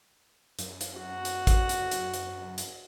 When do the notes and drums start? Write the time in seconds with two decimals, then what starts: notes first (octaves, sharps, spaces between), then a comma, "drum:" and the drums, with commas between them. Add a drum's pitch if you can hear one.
0.59 F#2, drum: hi-hat
0.81 drum: hi-hat
0.98 F#4
1.25 drum: hi-hat
1.47 drum: kick, hi-hat
1.69 drum: hi-hat
1.91 drum: hi-hat
2.14 drum: hi-hat
2.58 drum: hi-hat